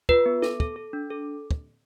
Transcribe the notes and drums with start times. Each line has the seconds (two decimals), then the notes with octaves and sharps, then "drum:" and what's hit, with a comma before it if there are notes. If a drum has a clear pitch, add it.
0.09 F4 B4, drum: kick
0.26 B3
0.42 A4, drum: snare
0.60 A4, drum: kick
0.76 A4
0.93 D4
1.10 A4
1.51 drum: kick